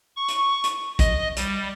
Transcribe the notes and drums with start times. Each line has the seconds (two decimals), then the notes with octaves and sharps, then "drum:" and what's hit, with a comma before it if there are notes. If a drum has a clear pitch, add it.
0.16 C#6
0.28 drum: hi-hat
0.64 drum: hi-hat
0.99 D#5, drum: kick, hi-hat
1.36 G3, drum: hi-hat